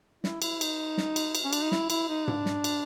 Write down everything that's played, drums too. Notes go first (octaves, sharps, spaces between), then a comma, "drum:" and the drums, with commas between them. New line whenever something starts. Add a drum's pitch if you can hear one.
E4, drum: snare
E4, drum: cymbal
D#4, drum: cymbal
drum: snare
drum: cymbal
drum: cymbal
C#4
D4, drum: cymbal
D#4
E4, drum: snare
E4, drum: cymbal
D#4
D4, drum: tom G#2
drum: snare
drum: cymbal